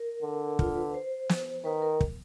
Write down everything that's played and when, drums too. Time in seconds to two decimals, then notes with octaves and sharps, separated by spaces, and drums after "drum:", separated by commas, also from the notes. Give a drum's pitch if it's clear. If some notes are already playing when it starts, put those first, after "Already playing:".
Already playing: A#4
0.23 D3
0.59 F4, drum: kick
0.76 B4
0.94 C5
1.29 drum: snare
1.65 D#3 B4
1.82 A#4
2.01 drum: kick